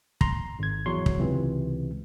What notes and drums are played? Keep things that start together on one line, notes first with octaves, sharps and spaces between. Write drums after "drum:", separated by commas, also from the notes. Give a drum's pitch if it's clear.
A#5 C6, drum: kick
G#1 G#6
E2 F#3 C#5 C6
drum: kick
C#2 C3 E3